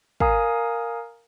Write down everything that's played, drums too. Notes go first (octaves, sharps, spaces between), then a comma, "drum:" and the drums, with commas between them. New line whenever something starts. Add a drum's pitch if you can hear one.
A#4 F5 G#5 A#5 D#6, drum: kick